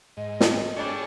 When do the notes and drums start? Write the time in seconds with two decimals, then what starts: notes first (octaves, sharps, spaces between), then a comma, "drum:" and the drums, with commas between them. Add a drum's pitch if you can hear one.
0.17 G#2 D#5
0.40 drum: snare
0.77 G3 D4 G#4 A4 C#5